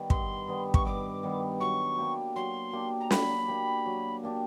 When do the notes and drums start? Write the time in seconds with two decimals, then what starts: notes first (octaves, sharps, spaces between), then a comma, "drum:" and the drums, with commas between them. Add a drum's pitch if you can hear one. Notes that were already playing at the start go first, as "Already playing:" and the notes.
Already playing: D#3 G3 B3
0.10 G2 C6, drum: kick
0.47 D#3 G3 B3
0.74 C#6, drum: kick
0.85 G2 D6
1.23 D#3 G3 B3
1.60 F#3 C#6
1.98 A#3 D4 G4
2.35 F#3 C6
2.73 A#3 D4 G4
3.00 A#5
3.11 F#3 B5, drum: snare
3.48 A#3 D4 G4
3.86 F#3
4.23 A#3 D4 G4